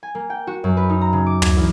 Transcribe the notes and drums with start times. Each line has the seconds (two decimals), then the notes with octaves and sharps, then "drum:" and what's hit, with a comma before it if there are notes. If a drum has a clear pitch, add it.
0.03 G#5
0.15 A#3
0.30 G5
0.47 F#4
0.64 F#2
0.77 B4
0.90 D#4
1.01 A#5
1.13 C#3
1.26 D6
1.42 G#6, drum: tom
1.57 E2